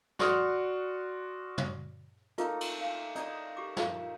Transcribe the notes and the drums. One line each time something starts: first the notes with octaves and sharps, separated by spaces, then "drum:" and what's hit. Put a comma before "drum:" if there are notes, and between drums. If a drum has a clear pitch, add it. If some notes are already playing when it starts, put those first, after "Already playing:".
F#4 D5 C6 C#6 D#6 F6, drum: snare
drum: tom
A3 A#3 D#4 F4, drum: hi-hat
drum: cymbal
F5 G#5
D#4 C#5 D5 D#6, drum: hi-hat
G4 D6
F4 F5, drum: snare